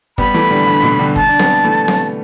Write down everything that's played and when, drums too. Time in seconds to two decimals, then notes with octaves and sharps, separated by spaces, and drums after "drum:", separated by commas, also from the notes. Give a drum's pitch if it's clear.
0.18 G3 B3 B5, drum: kick
0.34 E3 A3
0.51 D3 G3
0.67 D3
0.83 B2 E3
0.99 D3 G3
1.16 A5, drum: kick
1.29 D4
1.39 G3 B3, drum: snare C4
1.64 E3 A3
1.88 drum: snare C4